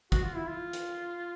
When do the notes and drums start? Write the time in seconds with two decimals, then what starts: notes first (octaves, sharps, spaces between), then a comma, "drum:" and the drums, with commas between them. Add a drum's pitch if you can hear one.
0.12 F#4, drum: kick, hi-hat
0.24 F4
0.36 E4
0.47 F4
0.73 drum: hi-hat